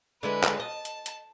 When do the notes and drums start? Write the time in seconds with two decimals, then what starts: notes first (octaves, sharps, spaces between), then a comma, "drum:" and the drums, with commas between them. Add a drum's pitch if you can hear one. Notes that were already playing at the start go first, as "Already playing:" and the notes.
0.23 D3 G#3 E4 B4
0.44 drum: clap
0.60 D#5 A5
0.85 drum: hi-hat
1.06 drum: hi-hat